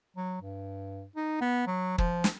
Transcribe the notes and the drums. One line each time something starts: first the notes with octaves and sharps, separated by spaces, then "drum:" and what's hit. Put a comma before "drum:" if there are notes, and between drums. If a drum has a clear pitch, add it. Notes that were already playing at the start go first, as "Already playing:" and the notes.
F#3
G2
D#4
B3
F#3
F3, drum: kick
drum: snare